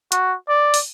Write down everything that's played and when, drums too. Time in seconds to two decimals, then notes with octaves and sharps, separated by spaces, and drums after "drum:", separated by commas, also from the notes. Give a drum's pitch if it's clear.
0.12 F#4, drum: hi-hat
0.49 D5
0.74 drum: open hi-hat